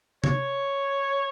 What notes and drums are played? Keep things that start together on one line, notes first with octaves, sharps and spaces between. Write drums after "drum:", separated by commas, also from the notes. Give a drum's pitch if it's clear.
C#5, drum: tom C3